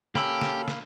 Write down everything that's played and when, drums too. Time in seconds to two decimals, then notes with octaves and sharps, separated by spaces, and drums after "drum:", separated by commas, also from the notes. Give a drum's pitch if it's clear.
0.15 A#3 C#4 G4 A4 B5 E6, drum: snare
0.41 drum: snare
0.68 drum: snare